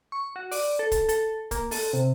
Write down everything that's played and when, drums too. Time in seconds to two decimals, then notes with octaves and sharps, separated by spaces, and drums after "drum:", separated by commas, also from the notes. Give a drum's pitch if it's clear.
0.12 C#6
0.36 F#4
0.52 D5, drum: open hi-hat
0.79 A4
0.92 drum: kick, hi-hat
1.09 A4, drum: hi-hat
1.51 A#3, drum: kick, hi-hat
1.71 A4, drum: open hi-hat
1.93 C3